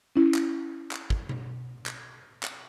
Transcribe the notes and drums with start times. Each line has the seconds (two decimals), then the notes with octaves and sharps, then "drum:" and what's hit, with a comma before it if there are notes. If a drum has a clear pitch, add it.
0.16 C#4 E4
0.35 drum: clap
0.91 drum: clap
1.10 drum: kick
1.29 drum: tom B2
1.86 drum: clap
2.43 drum: clap